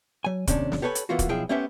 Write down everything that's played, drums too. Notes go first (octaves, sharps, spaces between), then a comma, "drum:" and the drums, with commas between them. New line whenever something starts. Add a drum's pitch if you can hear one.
F#3 G#5
D#2 C3 C#4 D4, drum: kick, hi-hat
drum: snare
G4 A4 B4 C#5 G#5
drum: hi-hat
E3 A#3 B3 F4 F#4
drum: kick, hi-hat
B1 F3 E4 G#4 G5
A3 B3 C#4 G4 C5 E5